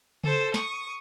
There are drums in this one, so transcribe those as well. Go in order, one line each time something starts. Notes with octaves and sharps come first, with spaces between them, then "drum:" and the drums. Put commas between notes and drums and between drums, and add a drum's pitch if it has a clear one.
A4 C5, drum: tom C#3
C#6 D#6, drum: snare